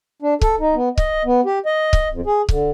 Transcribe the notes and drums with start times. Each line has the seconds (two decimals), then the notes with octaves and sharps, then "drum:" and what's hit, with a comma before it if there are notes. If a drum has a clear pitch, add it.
0.22 D4
0.41 A4, drum: kick C#1
0.60 D#4
0.75 B3
0.98 D#5, drum: kick C#1
1.25 B3
1.45 G4
1.66 D#5
1.93 drum: kick C#1
2.12 F2
2.26 G#4
2.49 D3, drum: kick C#1